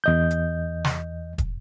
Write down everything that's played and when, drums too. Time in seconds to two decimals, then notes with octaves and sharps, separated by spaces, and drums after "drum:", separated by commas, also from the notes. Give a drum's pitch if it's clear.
0.04 E2 D#5 G6
0.31 drum: hi-hat
0.84 drum: snare
1.38 drum: kick, hi-hat